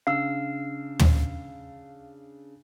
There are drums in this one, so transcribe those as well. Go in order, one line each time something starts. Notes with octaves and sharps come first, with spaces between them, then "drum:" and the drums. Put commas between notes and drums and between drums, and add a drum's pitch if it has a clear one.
C#3 D4 F5 E6
drum: tom